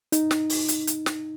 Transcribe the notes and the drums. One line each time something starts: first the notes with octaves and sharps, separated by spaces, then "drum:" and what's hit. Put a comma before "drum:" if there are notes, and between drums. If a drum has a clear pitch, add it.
D#4, drum: hi-hat
drum: snare
drum: open hi-hat
drum: hi-hat
drum: hi-hat
drum: snare